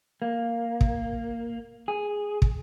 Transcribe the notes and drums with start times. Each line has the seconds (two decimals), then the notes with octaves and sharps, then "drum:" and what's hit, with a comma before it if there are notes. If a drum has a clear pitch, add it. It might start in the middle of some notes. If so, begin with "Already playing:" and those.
0.22 A#3
0.81 drum: kick
1.88 G#4
2.42 drum: kick